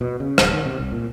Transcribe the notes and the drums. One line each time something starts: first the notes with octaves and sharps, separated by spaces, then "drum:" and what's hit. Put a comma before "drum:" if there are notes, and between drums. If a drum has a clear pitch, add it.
B2
C#3
D1, drum: rim click
D#3
C3
C2
A#2